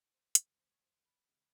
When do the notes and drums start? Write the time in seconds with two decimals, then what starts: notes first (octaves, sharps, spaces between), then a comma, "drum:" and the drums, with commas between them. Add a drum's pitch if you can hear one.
0.12 C5
0.35 D2 C#3 E3 G#3 C5, drum: hi-hat
0.59 C5
0.71 C#5
0.82 C5
1.05 B4
1.29 C#3 E3 G#3